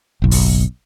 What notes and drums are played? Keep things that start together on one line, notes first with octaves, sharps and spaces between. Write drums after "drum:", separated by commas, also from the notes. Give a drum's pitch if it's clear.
F#1 B1
drum: open hi-hat